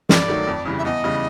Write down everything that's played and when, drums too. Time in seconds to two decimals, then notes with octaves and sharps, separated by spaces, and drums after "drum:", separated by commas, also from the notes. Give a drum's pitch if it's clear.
0.09 G2 D5, drum: snare
0.28 D#3 F#3 A3
0.47 F2
0.65 C#3 E3 G3
0.78 E5
0.85 E2 D#5
1.04 C#3 E3 G3